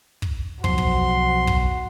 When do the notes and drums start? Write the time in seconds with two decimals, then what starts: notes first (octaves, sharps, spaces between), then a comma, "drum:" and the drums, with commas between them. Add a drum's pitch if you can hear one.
0.22 drum: kick
0.64 B1 F3 F#4 C6, drum: kick
0.78 drum: kick
1.47 drum: kick